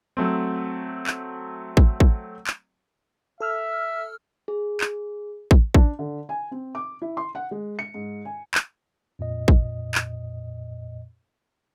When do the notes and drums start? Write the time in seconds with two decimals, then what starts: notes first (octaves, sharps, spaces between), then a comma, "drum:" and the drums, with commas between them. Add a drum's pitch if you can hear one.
0.17 F#3 A3 C4
1.07 drum: clap
1.77 drum: kick
2.00 drum: kick
2.47 drum: clap
3.41 A4 E5 E6 F6
4.48 G#4
4.81 drum: clap
5.51 drum: kick
5.74 D4, drum: kick
5.99 D3
6.29 G#5
6.51 C4
6.75 D6
7.02 E4
7.17 C6
7.35 F#5
7.51 G#3
7.79 C#7
7.94 G#2
8.25 G#5
8.54 drum: clap
9.19 F2 A#2 D#5
9.48 drum: kick
9.95 drum: clap